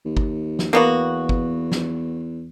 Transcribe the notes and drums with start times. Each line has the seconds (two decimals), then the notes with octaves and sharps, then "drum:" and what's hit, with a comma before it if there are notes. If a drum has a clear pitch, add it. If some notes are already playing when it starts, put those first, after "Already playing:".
0.05 D#2
0.17 drum: kick G1
0.59 drum: snare
0.73 E2 A#3 B3 F#4
1.29 drum: kick G1
1.72 drum: snare